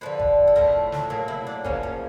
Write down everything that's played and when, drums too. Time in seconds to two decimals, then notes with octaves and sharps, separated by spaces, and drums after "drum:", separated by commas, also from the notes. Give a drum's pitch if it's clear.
0.01 D3 F3 A#3 B4
0.19 drum: kick
0.48 A4
0.56 A2 F3 A3 A#4, drum: kick
0.92 drum: snare
1.10 A2 F#3 A#3 G#4
1.28 E4
1.47 D4
1.64 C#3 F3 A#3 C#4, drum: kick
1.83 C#4